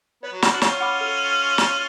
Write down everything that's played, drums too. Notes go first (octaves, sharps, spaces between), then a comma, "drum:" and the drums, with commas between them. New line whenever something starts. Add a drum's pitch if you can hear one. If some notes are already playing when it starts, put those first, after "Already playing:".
B3 C#5
F#3
G#3 F#5 B5 D6 F6, drum: snare
D4 F#4
C#4 F4 C#5, drum: snare
F#5 B5 D6 F6
A4
drum: snare